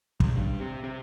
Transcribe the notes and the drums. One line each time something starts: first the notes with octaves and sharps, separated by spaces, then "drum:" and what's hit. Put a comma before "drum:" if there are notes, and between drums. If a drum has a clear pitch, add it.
C#2, drum: kick
G2
C3
C3